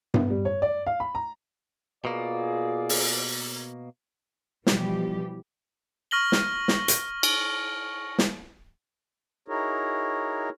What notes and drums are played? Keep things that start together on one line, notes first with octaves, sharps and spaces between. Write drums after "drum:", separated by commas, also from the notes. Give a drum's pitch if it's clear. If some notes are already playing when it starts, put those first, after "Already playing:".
B3, drum: tom G2
G3
C#5
D5
F5
B5
A#5
B2 A#3 F4 G#4 D5
drum: open hi-hat
B2 E3 F3 G3 G4, drum: snare
C#6 F6 A#6 F#7 G7
drum: snare
drum: snare
drum: hi-hat
drum: cymbal
drum: snare
D#4 E4 F#4 G#4 A#4 C#5